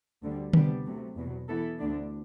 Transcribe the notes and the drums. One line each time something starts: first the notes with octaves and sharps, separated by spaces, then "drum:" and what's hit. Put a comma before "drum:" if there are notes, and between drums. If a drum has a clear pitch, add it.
D2 D3 G3
C3 G3 B3 D4 G4, drum: tom D3
C3 F#3 A3
E2 B2 F#3
E3 B3 E4 A4
D2 D3 A3 D4